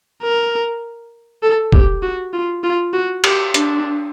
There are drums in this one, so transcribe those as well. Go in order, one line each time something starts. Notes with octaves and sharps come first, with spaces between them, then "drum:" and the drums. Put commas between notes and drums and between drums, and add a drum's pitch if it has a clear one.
A#4
A4
G4, drum: kick
F#4
F4
F4
F#4
G4, drum: cymbal
D4, drum: hi-hat